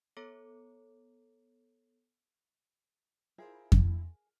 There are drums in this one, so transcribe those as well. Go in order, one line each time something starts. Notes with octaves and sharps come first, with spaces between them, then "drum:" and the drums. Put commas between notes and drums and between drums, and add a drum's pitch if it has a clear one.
B3 A4 C#5 A#5 D6 C#7
E4 F4 G#4 A#4 C5
drum: kick F2